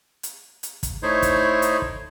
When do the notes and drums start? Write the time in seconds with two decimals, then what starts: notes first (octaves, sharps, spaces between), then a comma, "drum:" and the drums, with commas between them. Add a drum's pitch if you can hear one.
0.23 drum: hi-hat
0.63 drum: hi-hat
0.83 drum: kick, hi-hat
1.03 A3 D#4 E4 C5 C#5
1.22 drum: kick, hi-hat
1.62 drum: hi-hat
1.82 drum: kick